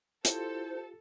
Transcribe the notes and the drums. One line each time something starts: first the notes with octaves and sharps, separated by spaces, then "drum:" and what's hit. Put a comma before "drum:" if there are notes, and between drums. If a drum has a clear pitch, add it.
E4 F4 G4 A4 C5, drum: hi-hat